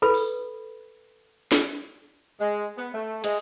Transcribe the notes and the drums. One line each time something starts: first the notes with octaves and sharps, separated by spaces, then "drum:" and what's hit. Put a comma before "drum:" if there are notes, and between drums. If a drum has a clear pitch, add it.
A4 B4 B5
drum: open hi-hat
drum: snare
G#3
B3
A3
G#3, drum: cymbal